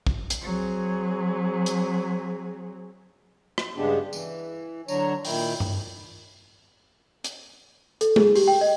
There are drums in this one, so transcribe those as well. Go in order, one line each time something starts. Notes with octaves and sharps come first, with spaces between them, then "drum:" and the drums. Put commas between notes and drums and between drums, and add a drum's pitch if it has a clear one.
drum: kick
drum: hi-hat
F#3 C4 G#4
drum: hi-hat
drum: rim click
G2 C#3 G#3 B3 D4 G4
E3, drum: tambourine
D3 F#3 D4 C#5 A#5, drum: tambourine
A#2 D#3 E4 G5, drum: open hi-hat
drum: tom G2
drum: hi-hat
A4, drum: hi-hat
G#4, drum: tom G#3
G4, drum: open hi-hat
G5
D#5